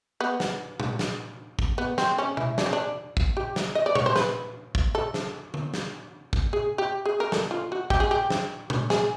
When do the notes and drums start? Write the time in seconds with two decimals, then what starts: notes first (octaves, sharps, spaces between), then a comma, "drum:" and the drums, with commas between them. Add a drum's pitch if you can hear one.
0.21 B3
0.40 drum: snare
0.80 drum: tom A#2
0.99 drum: snare
1.59 drum: kick
1.78 B3
1.98 C4, drum: snare
2.18 C#4
2.37 E4, drum: tom B2
2.58 D4, drum: snare
2.66 C#4
2.73 D4
3.17 drum: kick
3.37 G4
3.56 drum: snare
3.75 D#5
3.86 D5
3.95 C#5, drum: tom A#2
4.06 C5
4.16 B4, drum: snare
4.75 drum: kick
4.95 A4
5.14 drum: snare
5.54 drum: tom D3
5.74 drum: snare
6.33 drum: kick
6.53 G#4
6.78 G4
7.06 G#4
7.20 A#4
7.32 A4, drum: snare
7.51 F4
7.72 F#4
7.90 G4, drum: kick
8.00 G#4
8.11 G4
8.30 drum: snare
8.70 drum: tom A#2
8.90 G#4, drum: snare